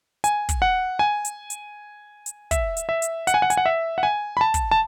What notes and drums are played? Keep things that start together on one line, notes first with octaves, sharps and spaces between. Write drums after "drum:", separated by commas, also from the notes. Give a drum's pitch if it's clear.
G#5, drum: hi-hat
drum: kick, hi-hat
F#5
G#5
drum: hi-hat
drum: hi-hat
drum: hi-hat
E5, drum: kick, hi-hat
drum: hi-hat
E5
drum: hi-hat
F#5, drum: hi-hat
G#5
F#5
G#5, drum: hi-hat
F#5
E5
F#5
G#5
B5
A5
drum: kick, hi-hat
A5